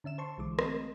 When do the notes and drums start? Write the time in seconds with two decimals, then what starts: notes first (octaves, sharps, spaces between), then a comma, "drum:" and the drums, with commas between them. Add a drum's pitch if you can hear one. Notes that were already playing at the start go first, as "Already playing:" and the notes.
0.04 D3 C#4 E5 E7
0.18 C5 A5 C6 C#6
0.38 B1 D3 E3 G#3 D6
0.59 A3 C4 D#5 C6 E7, drum: rim click